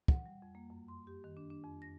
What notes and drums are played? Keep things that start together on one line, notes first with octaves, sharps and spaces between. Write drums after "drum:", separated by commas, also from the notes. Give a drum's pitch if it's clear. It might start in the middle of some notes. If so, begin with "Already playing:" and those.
F#5, drum: kick
G3
F2
A#3
F#2
C6
G4
D#3
D4
D4
F2
A#6